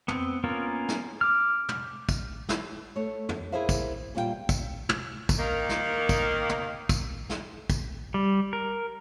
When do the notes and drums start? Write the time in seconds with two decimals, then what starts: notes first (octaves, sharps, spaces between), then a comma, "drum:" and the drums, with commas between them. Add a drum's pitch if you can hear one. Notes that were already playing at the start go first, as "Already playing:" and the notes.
0.08 B3 C4, drum: tom
0.44 A#3 B3 C#4 F4 A#4
0.88 drum: snare
1.21 D6 F6
1.69 drum: tom
2.09 drum: kick, tambourine
2.49 drum: snare
2.96 A3 C#5
3.29 drum: tom
3.52 E4 G#4 A#4 C5 E5 F5
3.69 drum: kick, tambourine
4.15 E2 A#2 G3 F4 F#4 G5
4.49 drum: kick, tambourine
4.89 drum: tom
5.29 drum: kick, tambourine
5.39 D#3 A#3
5.69 drum: snare
6.09 drum: kick, tambourine
6.49 drum: tom
6.89 drum: kick, tambourine
7.29 drum: snare
7.70 drum: kick, tambourine
8.14 G3
8.53 A#4